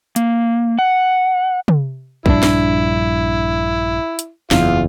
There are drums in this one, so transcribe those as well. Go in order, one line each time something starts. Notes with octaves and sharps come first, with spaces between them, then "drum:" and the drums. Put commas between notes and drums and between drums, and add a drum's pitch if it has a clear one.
A#3, drum: hi-hat
F#5
drum: tom
A#1 G2 D4 E4, drum: kick
drum: snare
drum: hi-hat
F#1 E2 F4, drum: snare